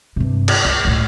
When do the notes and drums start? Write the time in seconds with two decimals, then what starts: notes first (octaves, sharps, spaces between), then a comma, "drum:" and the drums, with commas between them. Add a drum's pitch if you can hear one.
0.16 G2 C3
0.48 drum: cymbal
0.65 C#2
0.85 C#2 A2